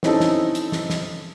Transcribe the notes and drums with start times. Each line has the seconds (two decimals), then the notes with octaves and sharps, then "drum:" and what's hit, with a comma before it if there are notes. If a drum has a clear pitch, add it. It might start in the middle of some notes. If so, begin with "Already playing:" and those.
0.03 C4 C#4 D#4 E4 A4, drum: snare
0.20 drum: snare
0.55 drum: hi-hat
0.72 drum: snare
0.90 drum: snare